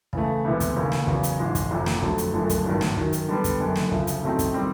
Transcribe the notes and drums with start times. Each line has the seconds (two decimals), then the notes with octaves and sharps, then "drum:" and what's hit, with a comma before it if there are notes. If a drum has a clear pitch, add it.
0.13 C#3 E3 A3, drum: kick
0.44 D2 C3 E3 G#3 B3
0.60 drum: kick, hi-hat
0.76 E1 D#2 C#3
0.92 drum: snare
1.07 E2 C#3 F#3, drum: kick
1.23 drum: hi-hat
1.39 A1 G#2 F3 G#3
1.55 drum: kick, hi-hat
1.71 F1 F2 C3 F3
1.86 drum: snare
2.02 F2 D3 F#3 A3, drum: kick
2.18 drum: hi-hat
2.33 G1 F#2 D3 F3 A3
2.49 drum: kick, hi-hat
2.65 G#1 G2 D#3 F#3
2.81 drum: snare
2.96 F#2 D#3 F#3, drum: kick
3.13 drum: hi-hat
3.28 D3 G3 B3
3.44 drum: kick, hi-hat
3.60 F#1 F#2 D3
3.76 drum: snare
3.92 D2 C#3 F3, drum: kick
4.07 drum: hi-hat
4.23 A2 F#3 A3 C4 D#4
4.39 drum: kick, hi-hat
4.54 D#3 G3 C4